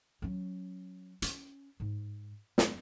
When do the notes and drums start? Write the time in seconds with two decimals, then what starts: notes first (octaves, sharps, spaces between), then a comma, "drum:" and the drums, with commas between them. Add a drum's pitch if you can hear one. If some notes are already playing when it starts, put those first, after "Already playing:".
0.22 F#3 C#4
1.22 C#4, drum: hi-hat
1.80 G#2
2.58 F#2, drum: snare